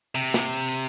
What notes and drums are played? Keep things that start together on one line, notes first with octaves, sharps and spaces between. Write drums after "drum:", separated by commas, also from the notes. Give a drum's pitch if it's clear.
C3, drum: open hi-hat
drum: snare
drum: hi-hat
drum: hi-hat